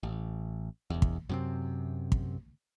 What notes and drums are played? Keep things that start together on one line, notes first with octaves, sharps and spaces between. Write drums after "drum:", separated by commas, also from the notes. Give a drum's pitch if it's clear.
A1
E1 E2
drum: kick
F#2 C3 C4
drum: kick